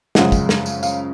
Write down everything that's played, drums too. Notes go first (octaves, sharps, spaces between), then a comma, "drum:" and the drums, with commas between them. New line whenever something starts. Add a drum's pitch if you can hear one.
F#2 C#3 F3 G#3 F#5, drum: snare
drum: kick, tambourine
drum: snare
drum: tambourine
F5, drum: tambourine